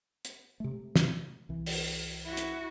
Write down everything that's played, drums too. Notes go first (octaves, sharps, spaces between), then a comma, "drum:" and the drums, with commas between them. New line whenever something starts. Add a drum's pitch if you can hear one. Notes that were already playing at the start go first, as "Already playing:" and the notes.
drum: hi-hat
C3 G#3 A3
drum: snare
C2 E3
drum: open hi-hat
E4 F#4
drum: hi-hat